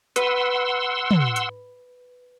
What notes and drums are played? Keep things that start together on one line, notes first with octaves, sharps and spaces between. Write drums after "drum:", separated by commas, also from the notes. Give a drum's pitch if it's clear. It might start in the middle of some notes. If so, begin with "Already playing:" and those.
B4 F#5 C6 E6, drum: hi-hat
drum: tom
drum: hi-hat